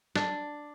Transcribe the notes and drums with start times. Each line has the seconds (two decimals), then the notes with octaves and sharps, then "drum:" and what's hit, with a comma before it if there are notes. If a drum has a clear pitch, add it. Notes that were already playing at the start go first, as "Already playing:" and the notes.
0.16 D4, drum: snare